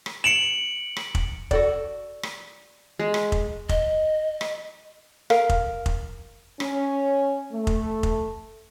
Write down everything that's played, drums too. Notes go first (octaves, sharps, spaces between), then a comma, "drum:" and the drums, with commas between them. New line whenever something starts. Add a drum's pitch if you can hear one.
drum: rim click
C#7 D7 E7 F#7
drum: rim click
drum: kick F1
F#4 A4 D5, drum: kick F1
drum: rim click
G#3
drum: rim click
drum: kick F1
D#5, drum: kick F1
drum: rim click
A#4 F5, drum: rim click
drum: kick F1
drum: kick F1
C#4, drum: rim click
A3
drum: kick F1
drum: kick F1